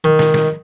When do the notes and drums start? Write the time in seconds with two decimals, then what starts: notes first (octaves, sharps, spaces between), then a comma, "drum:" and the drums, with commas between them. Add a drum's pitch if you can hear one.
0.04 D#3
0.19 drum: snare
0.34 drum: snare